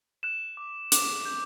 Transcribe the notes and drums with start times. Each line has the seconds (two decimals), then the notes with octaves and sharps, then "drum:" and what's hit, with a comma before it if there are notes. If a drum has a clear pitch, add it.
0.23 F#6 E7
0.57 D6
0.92 D6, drum: hi-hat
1.25 G6